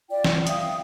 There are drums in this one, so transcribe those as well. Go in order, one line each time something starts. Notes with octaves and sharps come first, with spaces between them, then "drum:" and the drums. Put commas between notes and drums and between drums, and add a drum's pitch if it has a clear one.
F4 D5 G5
drum: snare
E5 F5 G5 D#6, drum: hi-hat